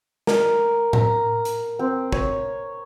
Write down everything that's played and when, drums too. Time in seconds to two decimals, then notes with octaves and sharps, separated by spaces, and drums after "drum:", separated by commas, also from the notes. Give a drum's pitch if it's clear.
0.27 A#4, drum: snare
0.93 A#5, drum: tom A2
1.45 drum: hi-hat
1.79 C4
2.12 C#5, drum: kick